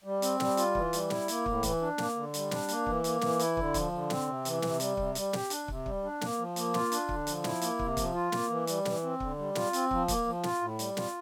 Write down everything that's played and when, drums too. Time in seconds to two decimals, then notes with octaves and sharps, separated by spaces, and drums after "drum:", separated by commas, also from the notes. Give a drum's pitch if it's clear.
0.04 G3
0.22 C4, drum: hi-hat
0.40 G3, drum: snare
0.57 F4, drum: hi-hat
0.75 E3, drum: kick
0.93 G3, drum: hi-hat
1.10 E4, drum: snare
1.28 A#3, drum: hi-hat
1.46 A2, drum: kick
1.63 E3, drum: kick, hi-hat
1.81 D4
1.98 A#3, drum: snare
2.16 D3
2.34 G3, drum: hi-hat
2.51 D4, drum: snare
2.68 A#3, drum: hi-hat
2.86 E3, drum: kick
3.04 A#3, drum: hi-hat
3.21 E3, drum: snare
3.39 E4, drum: hi-hat
3.57 D3, drum: kick
3.74 F3, drum: kick, hi-hat
3.92 D3
4.10 C4, drum: snare
4.27 C3
4.45 E3, drum: hi-hat
4.62 C3, drum: snare
4.80 G3, drum: hi-hat
4.97 C3, drum: kick
5.15 G3, drum: hi-hat
5.33 G4, drum: snare
5.50 D4, drum: hi-hat
5.68 C3, drum: kick
5.86 G3, drum: kick
6.04 D4
6.21 A#3, drum: snare
6.38 F3
6.56 A#3, drum: hi-hat
6.74 F4, drum: snare
6.92 D4, drum: hi-hat
7.09 D3, drum: kick
7.27 F3, drum: hi-hat
7.44 E4, drum: snare
7.61 A#3, drum: hi-hat
7.79 C3, drum: kick
7.97 F3, drum: kick, hi-hat
8.14 F4
8.32 A#3, drum: snare
8.50 E3
8.67 G3, drum: hi-hat
8.85 E3, drum: snare
9.03 C4
9.20 D3, drum: kick
9.38 G3
9.55 F4, drum: snare
9.73 C4, drum: hi-hat
9.91 F3, drum: kick
10.08 A#3, drum: kick, hi-hat
10.26 F3
10.43 F4, drum: snare
10.61 A2
10.79 G3, drum: hi-hat
10.97 F4, drum: snare